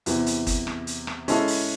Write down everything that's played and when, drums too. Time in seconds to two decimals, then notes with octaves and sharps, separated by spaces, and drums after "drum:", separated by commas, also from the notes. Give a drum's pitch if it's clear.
0.06 E2 C3 E3, drum: hi-hat
0.26 drum: hi-hat
0.47 drum: kick, hi-hat
0.67 drum: rim click
0.87 drum: hi-hat
1.07 drum: rim click
1.28 G#3 C#4 E4 A4, drum: hi-hat
1.48 drum: open hi-hat